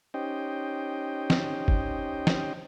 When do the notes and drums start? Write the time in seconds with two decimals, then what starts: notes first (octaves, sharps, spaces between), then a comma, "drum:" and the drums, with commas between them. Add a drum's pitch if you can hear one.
0.14 C#4 D#4 G4 C5 D#5 G5
1.30 drum: snare
1.68 drum: kick G1
2.27 drum: snare